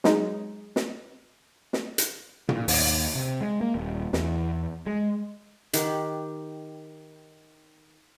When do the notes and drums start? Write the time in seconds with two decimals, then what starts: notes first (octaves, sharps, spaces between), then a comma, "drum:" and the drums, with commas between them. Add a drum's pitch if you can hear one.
0.04 F#3 G#3 D#4, drum: snare
0.76 drum: snare
1.73 drum: snare
1.98 drum: hi-hat
2.49 A#2, drum: tom
2.68 D#2, drum: open hi-hat
3.15 C3
3.41 G#3
3.61 A#3
3.75 D#1
4.13 E2, drum: snare
4.86 G#3
5.73 D#3 G4 F#5, drum: hi-hat